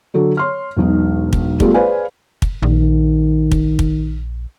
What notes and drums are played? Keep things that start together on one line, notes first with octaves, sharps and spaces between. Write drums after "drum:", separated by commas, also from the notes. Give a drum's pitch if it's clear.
D3 F#3 A4
C#5 C6 F6
E1 B1 D#4
drum: kick
G3 A3 B3 F4 G#4, drum: kick
G#4 B4 C5 D5 F5 G#5
drum: kick
A#1 D#3
drum: kick
drum: kick